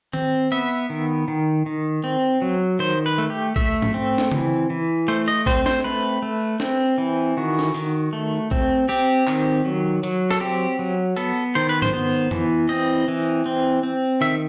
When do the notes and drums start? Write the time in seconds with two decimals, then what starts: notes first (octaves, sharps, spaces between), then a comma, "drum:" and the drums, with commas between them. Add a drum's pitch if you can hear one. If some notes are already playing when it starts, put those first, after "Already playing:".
0.13 C4, drum: tom D#3
0.52 B3 E5
0.90 D#3
1.28 D#3
1.66 D#3
2.04 C4
2.42 F#3
2.79 D#3 C5
3.06 B4
3.18 A3
3.30 G4
3.56 A3 E5, drum: kick A#1
3.82 drum: tom G#2
3.94 C4
4.18 drum: snare
4.32 E3, drum: tom C#3
4.53 drum: tambourine
4.70 E3
5.08 A3 C5
5.28 D#5
5.46 C4 C5, drum: kick A#1
5.66 C5, drum: snare
5.84 A3 B4
6.22 A3
6.60 C4, drum: snare
6.98 E3
7.37 D#3 F#4
7.59 drum: snare
7.74 D#3, drum: open hi-hat
8.13 A3
8.51 C4, drum: kick A#1
8.89 C4 G4
9.27 D#3, drum: clap
9.65 F#3
10.03 F#3, drum: hi-hat
10.31 A4, drum: rim click
10.40 C4 G4
10.79 F#3
11.17 B3 A4, drum: hi-hat
11.55 D#3 C5
11.69 B4
11.82 C5, drum: tom G#2
11.93 B3
12.31 E3, drum: tom F2
12.69 C4 D#5
13.08 E3
13.46 C4
13.83 C4
14.21 D#3 E5